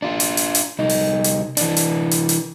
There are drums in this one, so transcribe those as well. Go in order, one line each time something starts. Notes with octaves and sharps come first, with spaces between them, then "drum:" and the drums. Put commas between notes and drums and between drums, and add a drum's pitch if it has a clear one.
D4 F4
drum: hi-hat
drum: hi-hat
drum: hi-hat
C2 D#4
drum: open hi-hat
drum: hi-hat
E3 D4, drum: hi-hat
drum: hi-hat
drum: hi-hat
drum: hi-hat